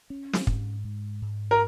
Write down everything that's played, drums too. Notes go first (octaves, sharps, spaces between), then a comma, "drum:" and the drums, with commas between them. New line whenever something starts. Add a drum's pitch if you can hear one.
C#4
drum: snare
G#2, drum: kick
G#2
G#2
A#4